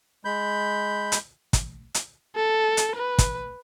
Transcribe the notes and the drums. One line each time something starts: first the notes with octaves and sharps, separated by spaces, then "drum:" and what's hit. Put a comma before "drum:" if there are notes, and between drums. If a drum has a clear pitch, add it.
G#3 B5 G6
drum: hi-hat
drum: kick, hi-hat
drum: hi-hat
A4
drum: hi-hat
B4
drum: kick, hi-hat